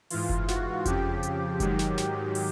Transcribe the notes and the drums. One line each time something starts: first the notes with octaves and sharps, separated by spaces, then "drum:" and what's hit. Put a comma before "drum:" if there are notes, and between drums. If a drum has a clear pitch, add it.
G#2 E3 F4, drum: open hi-hat
drum: kick F#1
F#4, drum: snare
F2 C#3 F3 G4, drum: kick F#1, hi-hat
drum: hi-hat
G#2 D#3 F#3, drum: kick F#1, hi-hat
drum: snare
drum: snare
drum: open hi-hat